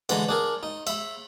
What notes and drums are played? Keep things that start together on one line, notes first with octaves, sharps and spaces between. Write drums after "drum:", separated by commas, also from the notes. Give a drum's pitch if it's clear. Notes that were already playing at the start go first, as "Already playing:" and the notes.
D3 E3 G#3 A#5, drum: cymbal
D4 G#4 A#4
D#4
E5 B5, drum: cymbal